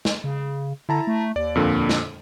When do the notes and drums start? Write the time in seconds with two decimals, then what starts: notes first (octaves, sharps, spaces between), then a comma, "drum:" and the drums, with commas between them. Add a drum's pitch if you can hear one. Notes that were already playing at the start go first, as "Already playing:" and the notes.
0.05 drum: snare
0.24 C#3
0.89 D3 E4 A5 A#5
1.07 A3
1.36 D#2 D5
1.55 F2 A#2 D3
1.89 drum: snare